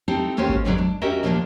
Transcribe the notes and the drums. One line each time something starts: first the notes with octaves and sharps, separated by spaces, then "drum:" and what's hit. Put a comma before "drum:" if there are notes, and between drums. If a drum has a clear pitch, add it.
C4 D#4 E4 G4 A4
D#2 A#3 C#4 F#4 G4 C5
drum: kick G#1
E2 G#2 B2 D3 F#3 D5
D4
C#4 F#4 G4 A#4 D#5 E5
D#2 A#2 F3 G#3 A#3 D4